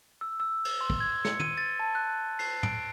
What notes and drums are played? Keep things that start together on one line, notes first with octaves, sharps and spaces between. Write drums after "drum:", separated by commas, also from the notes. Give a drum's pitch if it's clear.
E6
E6
drum: cymbal
C6
drum: kick
G#6
C#7, drum: snare
D#7, drum: tom
A6
A5
F#6
C7, drum: cymbal
D7, drum: tom